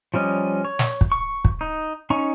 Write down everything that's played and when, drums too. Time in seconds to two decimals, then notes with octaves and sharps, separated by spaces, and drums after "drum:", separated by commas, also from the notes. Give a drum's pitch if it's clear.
0.14 F3 G3 C#4 D#5
0.65 C#5
0.79 drum: snare
1.01 drum: kick
1.12 C#6
1.45 drum: kick
1.61 D#4
2.10 C#4 D#4 A#5 C#6